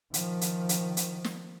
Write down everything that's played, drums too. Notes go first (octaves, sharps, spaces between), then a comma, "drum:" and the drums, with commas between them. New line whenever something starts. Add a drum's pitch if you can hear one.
D#3 F3, drum: hi-hat
drum: hi-hat
drum: hi-hat
drum: hi-hat
drum: snare